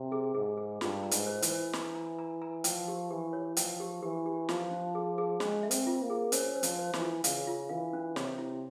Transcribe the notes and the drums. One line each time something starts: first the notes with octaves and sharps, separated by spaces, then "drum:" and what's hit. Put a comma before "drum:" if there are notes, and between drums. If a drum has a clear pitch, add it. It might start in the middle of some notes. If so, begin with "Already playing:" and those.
Already playing: C3
G#4
G#2 G#4
G#4
G2 F4, drum: snare
A#5
G#2, drum: hi-hat
C5
E3, drum: hi-hat
C5
A#5, drum: snare
A#5
A#5
A#5
F3 G5, drum: hi-hat
G4
E3 G4
C#5
F3 G5, drum: hi-hat
G4
E3 G4
G4
F3 F4, drum: snare
C#4
G#4
G#4
G#3 C#4, drum: snare
E5
C4, drum: hi-hat
F4
A#3
G#4
C#4 C5, drum: hi-hat
C5
F3, drum: hi-hat
C5
E3, drum: snare
F4
C#3 F5, drum: hi-hat
F4
E3 F5
C#4
C3 C#5, drum: snare
E4